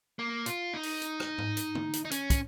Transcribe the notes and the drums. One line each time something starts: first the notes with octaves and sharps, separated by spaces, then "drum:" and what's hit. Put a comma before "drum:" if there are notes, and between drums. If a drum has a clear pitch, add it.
A#3
F4, drum: hi-hat
D#4
drum: open hi-hat
drum: hi-hat
drum: rim click
drum: tom G#2
drum: hi-hat
drum: tom D3
drum: hi-hat
D#4
C#4, drum: hi-hat
drum: kick, hi-hat